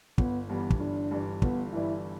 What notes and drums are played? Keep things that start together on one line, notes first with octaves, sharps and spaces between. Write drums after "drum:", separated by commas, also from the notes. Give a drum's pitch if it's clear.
G1 B3, drum: kick
G2 E3 G3 B3
drum: kick
G1 D4
G2 E3 G3
G1 B3, drum: kick
G2 E3 G3 E4